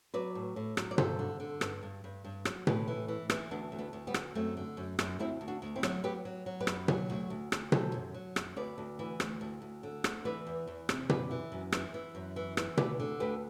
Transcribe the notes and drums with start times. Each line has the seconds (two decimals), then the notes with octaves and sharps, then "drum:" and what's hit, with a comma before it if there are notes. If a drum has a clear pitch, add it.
0.14 F#3 B4 D5
0.35 A2
0.56 A2
0.77 F#3, drum: rim click
0.91 D5
0.98 G2 A4 C5, drum: tom B2
1.19 D3
1.40 D3
1.61 G2, drum: rim click
1.83 G2
2.04 G2
2.24 G2
2.45 F#3, drum: rim click
2.67 A2 G4 B4, drum: tom B2
2.88 E3
3.08 E3
3.30 E3, drum: rim click
3.51 D2 B3 D4
3.72 D2
3.79 B3 D4
3.93 D2
4.07 G3 B3
4.14 D2, drum: rim click
4.35 F#2 A3 C4
4.57 D3
4.77 F#2
4.99 F#2, drum: rim click
5.19 D2 C4 E4
5.41 D2
5.48 D4 F#4
5.62 D2
5.76 C4 E4
5.83 F#3, drum: rim click
6.04 F#3 G4 B4
6.25 F#3
6.46 F#3
6.60 G4 B4
6.67 F#2, drum: rim click
6.88 F#3, drum: tom B2
7.10 D2
7.30 D2
7.52 D2, drum: rim click
7.72 F#3 A4 C5, drum: tom B2
7.94 F#2
8.14 F#3
8.36 F#2, drum: rim click
8.56 D2 B4 D5
8.78 D2
8.99 E3
9.20 D2, drum: rim click
9.41 D2
9.62 D2
9.83 D3
10.04 D2, drum: rim click
10.25 E3 B4 D5
10.46 E2
10.67 E2
10.89 C3, drum: rim click
11.09 F#2 B4 D5, drum: tom B2
11.31 E3
11.52 F#2
11.72 E3, drum: rim click
11.94 E3
12.15 F#2
12.36 E3
12.57 E3, drum: rim click
12.77 D2 B4 D5, drum: tom B2
13.00 D3
13.20 D2 G4 B4